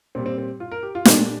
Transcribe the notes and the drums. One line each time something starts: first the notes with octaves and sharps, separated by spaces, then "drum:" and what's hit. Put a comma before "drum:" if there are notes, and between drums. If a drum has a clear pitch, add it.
A#2 G3 C4
C4
C4
F4
A#4
G4
F4
A#2 G3 D4, drum: snare